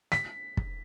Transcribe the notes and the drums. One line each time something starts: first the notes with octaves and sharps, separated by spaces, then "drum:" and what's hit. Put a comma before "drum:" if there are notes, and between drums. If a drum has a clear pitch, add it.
B6, drum: snare
drum: kick